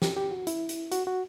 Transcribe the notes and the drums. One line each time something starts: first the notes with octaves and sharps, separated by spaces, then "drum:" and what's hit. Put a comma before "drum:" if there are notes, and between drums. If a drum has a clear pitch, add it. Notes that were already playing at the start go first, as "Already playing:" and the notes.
G4, drum: snare
G4
F#4
E4, drum: hi-hat
drum: hi-hat
F#4, drum: hi-hat
F#4